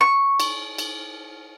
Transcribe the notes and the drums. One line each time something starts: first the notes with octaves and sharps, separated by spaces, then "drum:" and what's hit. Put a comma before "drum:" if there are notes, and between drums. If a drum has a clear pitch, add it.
C#6
drum: cymbal
drum: cymbal